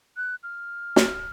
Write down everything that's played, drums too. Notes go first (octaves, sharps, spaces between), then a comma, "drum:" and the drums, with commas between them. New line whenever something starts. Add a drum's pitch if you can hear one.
F#6
F6
drum: snare